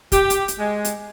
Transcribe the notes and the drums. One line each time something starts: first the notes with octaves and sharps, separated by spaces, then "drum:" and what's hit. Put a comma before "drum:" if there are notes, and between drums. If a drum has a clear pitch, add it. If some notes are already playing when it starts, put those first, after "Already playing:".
G4, drum: kick, hi-hat
drum: hi-hat
drum: hi-hat
G#3
drum: hi-hat